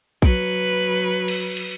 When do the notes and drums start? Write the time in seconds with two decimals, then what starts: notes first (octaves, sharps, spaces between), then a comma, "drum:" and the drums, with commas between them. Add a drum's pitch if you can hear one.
0.22 F#3 B4, drum: kick A#1
1.28 drum: cymbal
1.57 drum: cymbal